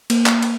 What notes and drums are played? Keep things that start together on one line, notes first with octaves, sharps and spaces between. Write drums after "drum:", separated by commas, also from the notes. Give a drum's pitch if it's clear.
A#3, drum: cymbal
drum: clap
drum: cymbal